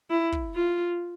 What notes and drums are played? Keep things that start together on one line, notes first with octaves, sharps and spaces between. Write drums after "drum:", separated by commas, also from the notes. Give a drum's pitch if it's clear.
E4
drum: kick
F4